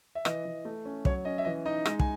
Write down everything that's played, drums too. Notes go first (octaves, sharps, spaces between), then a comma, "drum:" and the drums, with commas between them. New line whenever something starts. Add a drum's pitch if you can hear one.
E5
E3 D#5, drum: rim click
E3
A3
C#4
F#3 C#5, drum: kick
C#4 D#5
E5
E3 D#5
D#4 D#5
G#3 D#5, drum: rim click
G#5, drum: kick